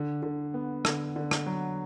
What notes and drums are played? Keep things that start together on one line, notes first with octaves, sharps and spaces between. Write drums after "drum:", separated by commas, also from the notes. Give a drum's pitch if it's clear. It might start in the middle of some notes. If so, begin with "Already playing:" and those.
Already playing: D3
D3
B3
D3, drum: rim click
D3
drum: rim click
F#3